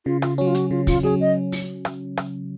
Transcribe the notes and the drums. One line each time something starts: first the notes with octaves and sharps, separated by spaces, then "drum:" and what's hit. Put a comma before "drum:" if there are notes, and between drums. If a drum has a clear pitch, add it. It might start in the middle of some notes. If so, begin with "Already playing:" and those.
C#3 F4
F4, drum: rim click
F#3 C#4 F#4
F4
F#4, drum: hi-hat
C#3 F4
F4, drum: kick, open hi-hat
F#3 C#4 G#4
D#5
drum: open hi-hat
drum: rim click
drum: rim click